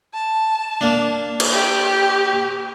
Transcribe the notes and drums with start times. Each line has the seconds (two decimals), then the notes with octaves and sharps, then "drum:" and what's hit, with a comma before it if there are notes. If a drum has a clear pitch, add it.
0.14 A5
0.81 A#3 D4
1.40 drum: cymbal
1.52 G4